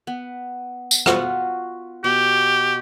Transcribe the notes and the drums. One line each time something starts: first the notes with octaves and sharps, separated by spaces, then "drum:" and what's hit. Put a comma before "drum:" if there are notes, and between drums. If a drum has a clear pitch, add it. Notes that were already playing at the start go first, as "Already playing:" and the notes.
B3
drum: tambourine
B3 F4 F#4, drum: rim click
B2 G4